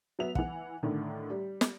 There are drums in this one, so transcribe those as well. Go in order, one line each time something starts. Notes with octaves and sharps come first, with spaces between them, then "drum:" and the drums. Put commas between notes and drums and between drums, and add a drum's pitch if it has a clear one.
F#3 B3 E5 F7
E3 F#5, drum: kick
A2 D3 D#3
G3
drum: snare